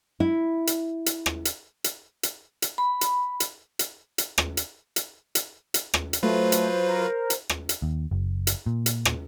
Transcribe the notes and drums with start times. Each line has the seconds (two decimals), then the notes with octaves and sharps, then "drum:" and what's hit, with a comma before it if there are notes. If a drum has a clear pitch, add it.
0.20 E4
0.67 drum: hi-hat
1.06 drum: hi-hat
1.26 drum: rim click
1.45 drum: hi-hat
1.84 drum: hi-hat
2.23 drum: hi-hat
2.62 drum: hi-hat
2.78 B5
3.01 drum: hi-hat
3.40 drum: hi-hat
3.79 drum: hi-hat
4.18 drum: hi-hat
4.38 drum: rim click
4.57 drum: hi-hat
4.96 drum: hi-hat
5.35 drum: hi-hat
5.74 drum: hi-hat
5.94 drum: rim click
6.13 drum: hi-hat
6.23 F#3 A3 F4 B4 C5
6.52 drum: hi-hat
6.87 A#4
7.30 drum: hi-hat
7.49 drum: rim click
7.69 drum: hi-hat
7.82 D#2
8.11 F#1
8.47 drum: hi-hat
8.66 A#2
8.86 drum: hi-hat
9.05 drum: rim click